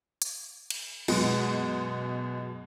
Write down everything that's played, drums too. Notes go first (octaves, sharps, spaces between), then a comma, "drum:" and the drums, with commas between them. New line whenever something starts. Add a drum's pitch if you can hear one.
drum: hi-hat
drum: cymbal
F#2 B2 G#3, drum: cymbal